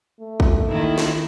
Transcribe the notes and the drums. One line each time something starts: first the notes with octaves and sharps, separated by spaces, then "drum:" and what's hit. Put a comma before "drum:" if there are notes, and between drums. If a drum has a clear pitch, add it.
A3
drum: kick
D#3 A#3 D#4 E4
drum: snare